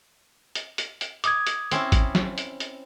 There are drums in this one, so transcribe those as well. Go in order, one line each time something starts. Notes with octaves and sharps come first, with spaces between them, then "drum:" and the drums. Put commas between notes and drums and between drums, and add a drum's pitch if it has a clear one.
drum: hi-hat
drum: hi-hat
drum: hi-hat
D6 D#6 G#6, drum: hi-hat
drum: hi-hat
C4 C#4 E4, drum: hi-hat
drum: kick G#1, hi-hat
drum: snare
drum: hi-hat
drum: hi-hat